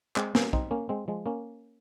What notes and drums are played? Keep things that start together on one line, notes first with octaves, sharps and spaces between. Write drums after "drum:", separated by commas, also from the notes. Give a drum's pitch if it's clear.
G#3 C4, drum: clap
A#3 C#4, drum: snare
C4 D#4, drum: kick
A#3 C#4
G#3 C4
F3 G#3
A#3 C#4